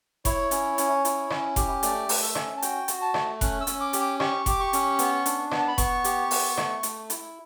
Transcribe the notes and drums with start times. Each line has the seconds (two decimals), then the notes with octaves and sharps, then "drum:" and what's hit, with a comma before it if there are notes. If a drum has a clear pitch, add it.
0.25 E4 C#5, drum: kick F1, hi-hat
0.51 C#4, drum: hi-hat
0.78 C#4, drum: hi-hat
1.05 E4, drum: hi-hat
1.30 C#4, drum: rim click
1.56 G4, drum: kick F1, hi-hat
1.83 A3 D5, drum: hi-hat
2.09 A3, drum: open hi-hat
2.22 E5
2.35 C#4, drum: rim click
2.57 A5
2.62 F#4 G5, drum: hi-hat
2.88 F#4, drum: hi-hat
3.01 A5
3.14 A3, drum: rim click
3.41 C#4 F#6, drum: kick F1, hi-hat
3.61 E6
3.67 C#4, drum: hi-hat
3.81 D6
3.93 G4, drum: hi-hat
4.01 D6
4.20 G4 C#6, drum: rim click
4.46 G4 D6, drum: kick F1, hi-hat
4.60 C#6
4.73 C#4, drum: hi-hat
4.99 B3, drum: hi-hat
5.26 D4, drum: hi-hat
5.51 B3, drum: rim click
5.58 A5
5.68 B5
5.78 B3 C#6, drum: kick F1, hi-hat
6.04 G4, drum: hi-hat
6.31 B3, drum: open hi-hat
6.57 A3, drum: rim click
6.83 A3, drum: hi-hat
7.10 E4, drum: hi-hat